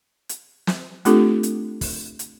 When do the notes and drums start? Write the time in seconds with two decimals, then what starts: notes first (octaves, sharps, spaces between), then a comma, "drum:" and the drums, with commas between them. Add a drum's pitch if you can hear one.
0.29 drum: hi-hat
0.67 drum: snare
1.05 A3 C4 D4 F4 G4 A4, drum: hi-hat
1.43 drum: hi-hat
1.81 drum: kick, open hi-hat
2.19 drum: hi-hat